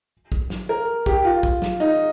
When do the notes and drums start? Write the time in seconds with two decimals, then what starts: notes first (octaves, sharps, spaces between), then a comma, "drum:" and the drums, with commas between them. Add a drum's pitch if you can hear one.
0.32 drum: kick
0.50 drum: snare
0.69 A#4
1.06 G4, drum: kick
1.25 F4
1.43 drum: kick
1.62 drum: snare
1.80 D#4